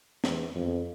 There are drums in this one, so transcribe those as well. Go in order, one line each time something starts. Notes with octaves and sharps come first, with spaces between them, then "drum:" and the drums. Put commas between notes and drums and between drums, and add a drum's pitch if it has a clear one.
E2, drum: snare
F2